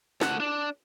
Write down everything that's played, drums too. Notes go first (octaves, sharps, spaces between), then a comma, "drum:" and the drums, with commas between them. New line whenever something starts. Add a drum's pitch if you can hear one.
A3 F#5, drum: snare
D4